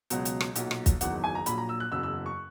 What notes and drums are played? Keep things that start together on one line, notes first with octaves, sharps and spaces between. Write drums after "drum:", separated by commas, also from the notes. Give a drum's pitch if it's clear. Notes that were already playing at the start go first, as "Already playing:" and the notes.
C#2 B2 F#3, drum: hi-hat
drum: hi-hat
drum: rim click
B1 A#2 F#3, drum: hi-hat
drum: rim click
drum: kick, hi-hat
F#1 E2 D#3 F#3 F#5, drum: hi-hat
G#5
A#5
A#1 A#2 F#3 B5, drum: hi-hat
A#5
E6
F#6
F#1 E2 C#3 F#3 E6
E6
C#6